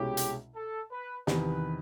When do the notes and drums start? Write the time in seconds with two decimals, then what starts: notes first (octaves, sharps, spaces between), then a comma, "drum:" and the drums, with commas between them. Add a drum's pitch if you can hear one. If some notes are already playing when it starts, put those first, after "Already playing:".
Already playing: C2 B2 G#3 C#4 E4 G4
0.17 drum: hi-hat
0.55 A4
0.91 B4
1.27 E2 C3 D#3 B4, drum: snare